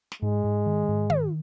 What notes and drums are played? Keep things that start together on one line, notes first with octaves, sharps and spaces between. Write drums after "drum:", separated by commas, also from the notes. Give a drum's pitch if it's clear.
drum: snare
G#2 G#3
G#2
D#3
G#2
D#3, drum: tom